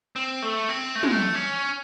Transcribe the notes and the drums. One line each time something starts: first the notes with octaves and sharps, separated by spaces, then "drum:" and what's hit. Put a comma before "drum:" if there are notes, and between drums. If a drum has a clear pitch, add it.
C4
A3
C4
A3
G#3, drum: tom
A3
C#4